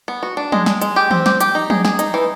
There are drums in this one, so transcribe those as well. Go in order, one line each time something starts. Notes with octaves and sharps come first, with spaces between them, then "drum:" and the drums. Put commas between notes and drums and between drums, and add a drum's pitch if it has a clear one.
B3
F#4
D4
G#3, drum: tom F3
G#3, drum: snare
G#3, drum: hi-hat
G4
C4, drum: tom E3
G4, drum: snare
G4, drum: hi-hat
D#4
G#4, drum: tom F3
G#4, drum: snare
D#4, drum: hi-hat
E3